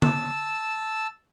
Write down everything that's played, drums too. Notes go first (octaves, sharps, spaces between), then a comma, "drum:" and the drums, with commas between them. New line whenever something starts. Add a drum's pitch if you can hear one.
A5 E6, drum: tom D3